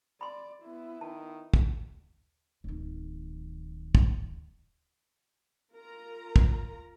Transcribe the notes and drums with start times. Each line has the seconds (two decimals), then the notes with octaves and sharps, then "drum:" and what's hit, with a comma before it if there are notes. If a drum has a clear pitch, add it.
0.21 D5 B5 C6
0.63 B3 E4
1.01 D#3 A5
1.54 drum: kick
2.64 D1 D#3
3.95 drum: kick
5.72 F4 A#4 A#5
6.36 drum: kick